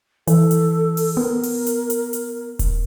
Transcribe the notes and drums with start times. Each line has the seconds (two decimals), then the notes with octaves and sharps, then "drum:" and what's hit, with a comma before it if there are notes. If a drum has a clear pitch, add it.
0.27 E3 A4, drum: hi-hat
0.51 drum: hi-hat
0.97 drum: open hi-hat
1.17 B3 A#4
1.43 drum: open hi-hat
1.67 drum: hi-hat
1.90 drum: hi-hat
2.13 drum: hi-hat
2.59 drum: kick D#1, hi-hat